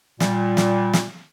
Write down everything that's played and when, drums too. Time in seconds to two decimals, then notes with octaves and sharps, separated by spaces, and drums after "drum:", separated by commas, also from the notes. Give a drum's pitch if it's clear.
0.20 A#2 G3, drum: snare
0.57 drum: snare
0.93 drum: snare